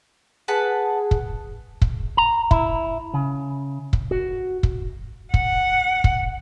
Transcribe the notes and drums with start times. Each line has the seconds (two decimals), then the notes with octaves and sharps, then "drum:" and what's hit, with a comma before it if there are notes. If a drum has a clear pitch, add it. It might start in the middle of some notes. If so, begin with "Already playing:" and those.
0.48 G#4 B4 F#5 A5
1.11 drum: kick
1.82 drum: kick
2.17 A#5
2.51 E4, drum: kick
3.14 C#3
3.93 drum: kick
4.11 F#4
4.63 drum: kick
5.34 F#5, drum: kick
6.04 drum: kick